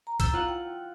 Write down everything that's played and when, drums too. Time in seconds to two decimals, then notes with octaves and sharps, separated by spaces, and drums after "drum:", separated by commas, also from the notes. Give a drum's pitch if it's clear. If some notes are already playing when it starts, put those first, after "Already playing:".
0.07 A#5
0.20 E6 G6 A6, drum: kick B1, hi-hat
0.34 F4 F#5
0.48 G5